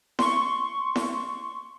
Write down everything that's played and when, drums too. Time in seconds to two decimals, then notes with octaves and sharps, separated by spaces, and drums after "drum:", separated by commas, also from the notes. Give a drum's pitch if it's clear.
0.19 C6 C#6, drum: snare E4
0.96 drum: snare E4